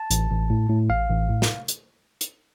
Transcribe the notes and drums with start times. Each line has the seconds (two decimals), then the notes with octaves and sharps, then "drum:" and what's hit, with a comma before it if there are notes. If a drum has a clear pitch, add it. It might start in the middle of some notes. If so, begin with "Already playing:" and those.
Already playing: A5
0.11 A1, drum: hi-hat
0.30 A1
0.50 A2
0.70 A2
0.90 A1 F5
1.09 A1
1.29 A2
1.42 drum: snare
1.68 drum: hi-hat
2.21 drum: hi-hat